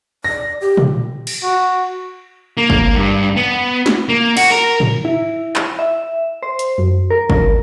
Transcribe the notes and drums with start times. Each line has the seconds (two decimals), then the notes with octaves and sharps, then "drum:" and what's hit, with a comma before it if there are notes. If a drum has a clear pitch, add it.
0.24 D5 A#6
0.61 G4
0.77 drum: tom A#2
1.27 drum: cymbal
1.43 F#4
2.57 A#3
2.70 drum: kick
2.96 G2
3.36 B3
3.86 drum: snare
4.09 A#3
4.37 F#4, drum: cymbal
4.51 A#4
4.80 drum: tom G#2
5.05 E4
5.56 drum: clap
5.79 E5
6.43 C5
6.59 drum: hi-hat
6.78 F#2
7.10 A#4
7.30 drum: kick